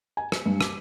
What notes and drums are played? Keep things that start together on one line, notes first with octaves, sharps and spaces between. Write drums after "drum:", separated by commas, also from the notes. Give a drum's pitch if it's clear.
G#5
C#7, drum: rim click
G2
D6, drum: rim click